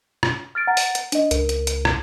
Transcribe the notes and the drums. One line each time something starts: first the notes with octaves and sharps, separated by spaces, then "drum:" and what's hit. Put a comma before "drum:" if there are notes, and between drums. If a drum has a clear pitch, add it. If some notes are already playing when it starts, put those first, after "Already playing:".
drum: rim click
F6 A6 D7
F#5 A#5 A6
drum: open hi-hat
drum: hi-hat
D4 D#5, drum: hi-hat
C#2 A#4, drum: hi-hat
drum: hi-hat
drum: hi-hat
drum: rim click